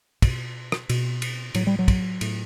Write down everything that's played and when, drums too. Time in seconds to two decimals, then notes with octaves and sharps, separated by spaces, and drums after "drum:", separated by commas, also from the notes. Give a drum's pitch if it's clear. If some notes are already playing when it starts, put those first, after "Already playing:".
0.22 B2, drum: kick, cymbal
0.72 drum: rim click
0.89 B2, drum: cymbal
1.22 drum: cymbal
1.55 A2 F#3, drum: cymbal
1.67 G3
1.79 F#3
1.88 drum: kick, cymbal
2.21 A2, drum: cymbal